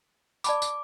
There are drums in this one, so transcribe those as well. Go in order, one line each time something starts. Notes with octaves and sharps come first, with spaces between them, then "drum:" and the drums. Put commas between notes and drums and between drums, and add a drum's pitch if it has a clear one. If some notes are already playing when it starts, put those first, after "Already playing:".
D5 A5 B5 D6, drum: tambourine
drum: tambourine